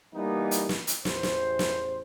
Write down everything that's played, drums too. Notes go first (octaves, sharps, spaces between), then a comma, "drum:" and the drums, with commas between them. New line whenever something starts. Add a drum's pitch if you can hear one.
E3 G3 A#3 B3 D#4
drum: hi-hat
drum: snare
drum: hi-hat
A1 E2 C5, drum: snare
drum: snare
drum: snare